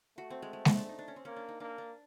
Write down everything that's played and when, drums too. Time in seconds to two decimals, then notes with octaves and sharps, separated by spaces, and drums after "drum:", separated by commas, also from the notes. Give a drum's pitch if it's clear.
0.18 A3 F#4
0.30 C4
0.42 G#3
0.53 G#3
0.65 G#3, drum: snare G#3
0.77 D4
0.89 D#4
0.99 D4
1.08 C#4
1.16 C4
1.25 A#3 C#4
1.36 D4
1.49 D#4
1.60 A#3 D4
1.78 D4